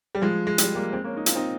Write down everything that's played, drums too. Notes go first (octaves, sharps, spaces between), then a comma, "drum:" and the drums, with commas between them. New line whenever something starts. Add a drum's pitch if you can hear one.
G3
F3 G#3
G#3
G3, drum: hi-hat
G3 A#3
G#3 C4
A#3 C#4
D#4
F4, drum: hi-hat
C4 D#4